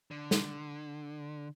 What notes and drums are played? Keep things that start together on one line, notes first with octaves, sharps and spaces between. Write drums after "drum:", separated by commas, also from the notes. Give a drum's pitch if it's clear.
D3
drum: snare